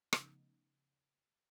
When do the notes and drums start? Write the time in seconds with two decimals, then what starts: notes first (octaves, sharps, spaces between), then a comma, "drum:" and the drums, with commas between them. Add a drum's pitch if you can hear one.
0.13 C#3 F3 A3 B3 D#4, drum: rim click